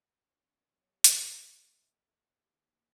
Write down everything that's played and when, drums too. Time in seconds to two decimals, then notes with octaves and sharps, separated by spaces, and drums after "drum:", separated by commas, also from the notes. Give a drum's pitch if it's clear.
0.27 B3 C4 D4 F#4 C#5
0.70 F#3 B3 C4 G4 C#5 D#5
1.04 drum: hi-hat
1.22 F#2 B2 F3 G3
1.53 A#2 C4 A4 D#5 E5
2.34 D3 D#3 A#3 F4 G4 G#4